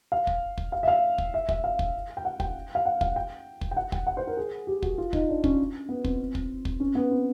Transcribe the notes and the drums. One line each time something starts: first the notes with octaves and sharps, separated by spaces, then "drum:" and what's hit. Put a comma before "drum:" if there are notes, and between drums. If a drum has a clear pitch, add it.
F5
drum: kick
drum: kick
F5
E5
F5
drum: kick
E5
E5, drum: kick
F5
drum: kick
G5
F#5
G5, drum: kick
F5
F#5
F5, drum: kick
G5
drum: kick
G5
F#5
G5, drum: kick
F#5
C5
A#4
G#4
G4
F#4, drum: kick
F4
D#4, drum: kick
D4
C#4, drum: kick
B3
C4, drum: kick
drum: kick
drum: kick
C#4
B3
C4